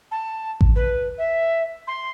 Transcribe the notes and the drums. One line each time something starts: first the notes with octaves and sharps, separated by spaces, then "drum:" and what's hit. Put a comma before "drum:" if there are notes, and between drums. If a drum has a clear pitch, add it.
A5
drum: kick A1
B4
E5
C6